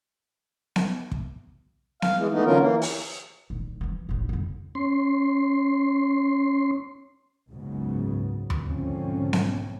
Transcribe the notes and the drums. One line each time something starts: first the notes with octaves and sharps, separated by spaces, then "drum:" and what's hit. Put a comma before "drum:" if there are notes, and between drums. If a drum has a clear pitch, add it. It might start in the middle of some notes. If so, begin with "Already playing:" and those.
drum: snare B3
drum: kick
F5, drum: snare B3
E3 G#3
E3 A3 B3 D#4
D3 F#3 C#4 F4 A#4
E3 A#3
drum: open hi-hat
D#1 D#2
E3 F3
A1 E2
F2 C#3
C#4 C6
F#1 C#2 G#2 C#3 F#3 B3
drum: tom D#2
B1 G#2 D3 F3 C4 C#4
drum: snare B3